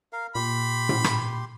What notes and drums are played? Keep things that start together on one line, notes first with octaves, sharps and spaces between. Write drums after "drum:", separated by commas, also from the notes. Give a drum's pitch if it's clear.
A#4 F5
A#2 G4 B5 C6
drum: tom A2
drum: rim click